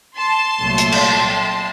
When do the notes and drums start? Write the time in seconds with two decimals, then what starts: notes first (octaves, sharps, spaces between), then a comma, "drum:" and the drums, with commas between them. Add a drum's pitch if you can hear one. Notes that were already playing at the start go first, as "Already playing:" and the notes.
0.18 A5 C6
0.60 C2 A#2 F#3 A3
0.78 drum: hi-hat
0.92 drum: cymbal